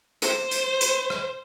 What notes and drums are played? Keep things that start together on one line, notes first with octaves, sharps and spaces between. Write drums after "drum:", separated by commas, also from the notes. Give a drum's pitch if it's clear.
C5, drum: hi-hat
drum: hi-hat
drum: hi-hat
drum: rim click